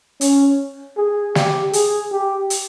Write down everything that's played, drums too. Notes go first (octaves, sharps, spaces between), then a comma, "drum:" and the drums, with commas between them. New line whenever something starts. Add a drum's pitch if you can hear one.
C#4, drum: hi-hat
G#4
G4, drum: snare
G#4, drum: hi-hat
G4
drum: hi-hat